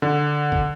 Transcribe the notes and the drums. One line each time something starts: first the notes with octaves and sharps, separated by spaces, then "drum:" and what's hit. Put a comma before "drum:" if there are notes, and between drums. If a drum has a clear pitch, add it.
D3
drum: kick F1